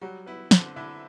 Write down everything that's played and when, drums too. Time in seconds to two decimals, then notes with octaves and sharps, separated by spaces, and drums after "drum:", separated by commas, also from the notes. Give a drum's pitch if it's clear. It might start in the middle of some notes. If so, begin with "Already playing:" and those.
0.01 F#3 G3 F#4
0.26 B3 E4 B4
0.51 D3 C4 C5, drum: snare
0.76 D3 E4 E5